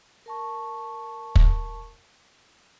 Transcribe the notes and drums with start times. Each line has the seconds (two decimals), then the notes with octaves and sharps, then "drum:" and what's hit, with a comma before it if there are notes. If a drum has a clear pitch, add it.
0.26 A#4 A5 C#6
1.35 drum: kick